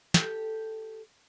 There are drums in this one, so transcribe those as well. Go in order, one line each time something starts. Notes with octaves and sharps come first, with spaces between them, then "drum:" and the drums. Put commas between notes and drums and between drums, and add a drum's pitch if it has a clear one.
G4 A4, drum: snare